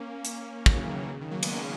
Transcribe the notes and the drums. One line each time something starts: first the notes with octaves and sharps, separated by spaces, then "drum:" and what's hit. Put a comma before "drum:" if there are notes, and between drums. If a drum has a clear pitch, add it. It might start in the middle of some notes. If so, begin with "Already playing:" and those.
Already playing: A#3 C#4
drum: hi-hat
F#3 A#3, drum: kick
C#3 E3
D#3
C#3
C#3
D#3
F#3 A#3
G#3 B3, drum: cymbal
A#3 C#4